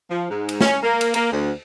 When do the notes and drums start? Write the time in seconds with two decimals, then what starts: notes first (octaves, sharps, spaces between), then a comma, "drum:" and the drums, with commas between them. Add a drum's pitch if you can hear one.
0.09 F3
0.29 G#2
0.49 drum: cymbal
0.61 C#4, drum: snare
0.82 A#3
1.01 drum: cymbal
1.14 A#3, drum: cymbal
1.31 D2